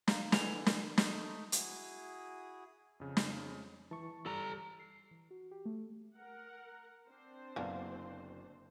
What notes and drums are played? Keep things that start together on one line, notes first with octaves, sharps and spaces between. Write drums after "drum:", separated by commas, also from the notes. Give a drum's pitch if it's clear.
F5 A#5, drum: snare
D3 E3 G#3 F7, drum: snare
A#4, drum: snare
A3 D#4, drum: snare
E4 F#4 G#4 D#6, drum: hi-hat
F2 C#3
drum: snare
E3 A5 C#6
G3 A4 A#5
C7
E3
F#4
G4
A3
A#4 F#5
C4 D4 C5
F#1 D3 A#3 B3